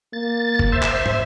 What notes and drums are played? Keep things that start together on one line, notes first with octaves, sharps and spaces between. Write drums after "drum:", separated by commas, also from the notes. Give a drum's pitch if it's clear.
A#3 A6
drum: kick
C5 E5
drum: clap
drum: tom